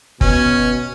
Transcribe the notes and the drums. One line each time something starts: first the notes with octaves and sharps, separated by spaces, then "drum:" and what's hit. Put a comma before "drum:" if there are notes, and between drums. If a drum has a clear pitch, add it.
B2 C#4, drum: kick